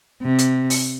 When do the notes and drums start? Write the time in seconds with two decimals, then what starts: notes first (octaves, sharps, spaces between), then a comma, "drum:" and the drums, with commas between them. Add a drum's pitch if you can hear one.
0.23 C3
0.38 drum: hi-hat
0.70 drum: open hi-hat